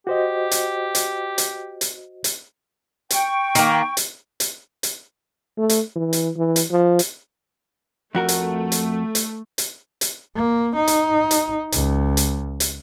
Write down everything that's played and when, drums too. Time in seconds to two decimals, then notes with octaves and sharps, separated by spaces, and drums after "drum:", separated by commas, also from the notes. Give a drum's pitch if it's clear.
0.07 F#4 G4 C5 D#5
0.51 drum: hi-hat
0.95 drum: hi-hat
1.38 drum: hi-hat
1.81 drum: hi-hat
2.24 drum: hi-hat
3.10 G5 C#6, drum: hi-hat
3.55 D#3 A#3, drum: hi-hat
3.97 drum: hi-hat
4.40 drum: hi-hat
4.83 drum: hi-hat
5.58 A3
5.69 drum: hi-hat
5.96 E3
6.13 drum: hi-hat
6.37 E3
6.56 drum: hi-hat
6.71 F3
6.99 drum: hi-hat
8.15 F2 A3 F#4 A#4
8.28 drum: hi-hat
8.72 drum: hi-hat
9.15 drum: hi-hat
9.58 drum: hi-hat
10.01 drum: hi-hat
10.35 A#3
10.76 D#4
10.87 drum: hi-hat
11.31 drum: hi-hat
11.72 C#2, drum: hi-hat
12.17 drum: hi-hat
12.60 drum: hi-hat